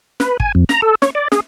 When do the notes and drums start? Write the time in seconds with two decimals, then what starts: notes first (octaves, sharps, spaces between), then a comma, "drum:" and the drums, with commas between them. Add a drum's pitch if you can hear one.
0.20 B4, drum: snare
0.40 G#5, drum: kick
0.55 F2
0.69 A#5, drum: snare
0.82 A4
1.02 C#5, drum: snare
1.15 D5
1.32 G#4, drum: snare